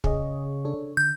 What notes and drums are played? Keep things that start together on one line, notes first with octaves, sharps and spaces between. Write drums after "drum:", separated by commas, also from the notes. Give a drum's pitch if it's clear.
C#3 G#4 D#5, drum: kick
D4 A4 C#5
D3 G6